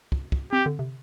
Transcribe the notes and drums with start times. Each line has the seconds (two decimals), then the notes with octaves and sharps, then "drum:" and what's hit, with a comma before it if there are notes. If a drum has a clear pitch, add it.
0.12 drum: kick
0.32 drum: kick
0.52 C4 G4
0.66 D3
0.79 C3